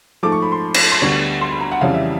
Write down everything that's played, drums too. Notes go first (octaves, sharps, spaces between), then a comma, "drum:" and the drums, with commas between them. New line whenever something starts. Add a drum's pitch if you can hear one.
G#2 F3 A3 D6
C#6
B5
C6
drum: cymbal
C6
D2 D3 G3 B3 C#6
C6
B5
A#5
F#5
F2 C#3 E3 G3 F5
E5